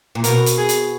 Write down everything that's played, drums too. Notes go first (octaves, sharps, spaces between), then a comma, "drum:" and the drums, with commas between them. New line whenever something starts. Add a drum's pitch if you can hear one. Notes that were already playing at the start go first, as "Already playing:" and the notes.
A#2
B2 A#4, drum: hi-hat
drum: hi-hat
G#4
drum: hi-hat